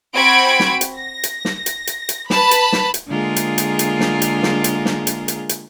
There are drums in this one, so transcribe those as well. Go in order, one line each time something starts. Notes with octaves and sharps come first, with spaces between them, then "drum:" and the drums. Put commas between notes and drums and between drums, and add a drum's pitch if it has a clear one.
C4 F#4 B5 G#6 D7
drum: snare
drum: hi-hat
A#6
drum: hi-hat
drum: snare
drum: hi-hat
drum: hi-hat
drum: hi-hat
B4 A5 B5, drum: snare
drum: hi-hat
drum: snare
drum: hi-hat
D3 G#3 A#3 F4 G#4 A#4
drum: hi-hat
drum: hi-hat
drum: hi-hat
drum: snare
drum: hi-hat
drum: snare
drum: hi-hat
drum: snare
drum: hi-hat
drum: hi-hat
drum: hi-hat